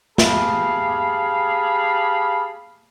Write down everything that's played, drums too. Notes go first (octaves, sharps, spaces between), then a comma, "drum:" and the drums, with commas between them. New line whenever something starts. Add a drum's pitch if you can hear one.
G4 G#4 F5 A5 B5, drum: snare